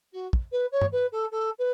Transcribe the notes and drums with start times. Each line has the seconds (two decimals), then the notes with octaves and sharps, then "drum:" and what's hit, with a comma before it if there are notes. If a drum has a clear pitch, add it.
0.12 F#4
0.33 drum: kick
0.51 B4
0.71 C#5
0.81 drum: tom
0.92 B4
1.11 A4
1.31 A4
1.58 B4